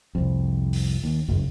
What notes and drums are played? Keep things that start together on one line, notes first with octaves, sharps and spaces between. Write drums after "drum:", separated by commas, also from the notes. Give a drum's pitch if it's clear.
C2 F2
drum: open hi-hat
D#2
F#1 C#2, drum: tom